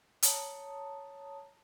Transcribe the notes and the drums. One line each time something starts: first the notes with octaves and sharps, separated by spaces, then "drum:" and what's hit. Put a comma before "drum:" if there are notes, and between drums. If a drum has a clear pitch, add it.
C#5 A5 A#5 D#6, drum: hi-hat